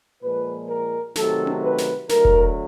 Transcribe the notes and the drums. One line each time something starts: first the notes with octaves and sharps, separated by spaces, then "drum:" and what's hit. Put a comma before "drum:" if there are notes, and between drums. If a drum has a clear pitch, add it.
A#2 F3 G#3 B4
A#4
C3 D#3 F#3 A3 A4, drum: snare
drum: tom C#4
B4
drum: snare
D3 F#3 A3 A#4, drum: snare
drum: kick F1